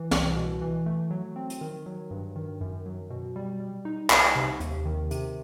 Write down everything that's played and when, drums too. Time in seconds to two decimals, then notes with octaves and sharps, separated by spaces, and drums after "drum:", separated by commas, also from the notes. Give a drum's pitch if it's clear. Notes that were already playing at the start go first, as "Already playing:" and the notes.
Already playing: E3
0.11 C2, drum: snare
0.36 B2
0.61 E3
0.86 A3
1.11 F#3
1.36 C4
1.50 drum: hi-hat
1.61 D#3
1.86 F#3
2.11 G2
2.36 D#3
2.61 F#2
2.86 F#3
3.10 B2
3.36 G3
3.60 G3
3.85 D#4
4.10 C2, drum: clap
4.36 C3
4.60 D#2, drum: hi-hat
4.85 D#3
5.11 C3, drum: hi-hat